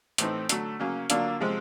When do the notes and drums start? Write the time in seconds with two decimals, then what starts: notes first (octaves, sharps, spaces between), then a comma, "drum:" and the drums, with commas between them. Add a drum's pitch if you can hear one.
0.18 A2 E3 A3 C4 D#4, drum: hi-hat
0.49 D3 F#3 A3, drum: hi-hat
0.79 C#3 F#3 A#3 C#4
1.10 D3 F#3 A#3 D4 F4, drum: hi-hat
1.40 C3 F3 G#3 C4